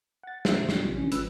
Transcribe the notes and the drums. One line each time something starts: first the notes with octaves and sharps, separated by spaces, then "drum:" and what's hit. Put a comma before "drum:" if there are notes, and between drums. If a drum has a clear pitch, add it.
F#5 A6
A#2 F#3 A#4 C5 E5, drum: snare
G2 B2 D#3 G3
drum: snare
A#1 C3 D#3 F3 F#3
D3 E3 C#4
G#1 F3 G#3 B4 E6 F#6, drum: hi-hat